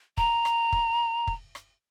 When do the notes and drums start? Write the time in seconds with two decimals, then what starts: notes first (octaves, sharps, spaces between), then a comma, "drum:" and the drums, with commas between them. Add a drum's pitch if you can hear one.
0.17 A#5, drum: kick
0.45 drum: rim click
0.72 drum: kick
1.27 drum: kick
1.55 drum: rim click